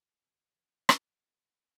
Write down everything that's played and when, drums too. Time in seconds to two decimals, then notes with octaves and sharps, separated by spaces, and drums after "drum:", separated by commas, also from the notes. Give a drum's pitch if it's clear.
0.23 D1 G1 F2
0.54 F3 B3
0.89 drum: rim click
1.10 B3